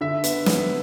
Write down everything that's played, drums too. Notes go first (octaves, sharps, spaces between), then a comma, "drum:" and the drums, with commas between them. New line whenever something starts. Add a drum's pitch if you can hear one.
D3 E5
B3, drum: hi-hat
B3, drum: snare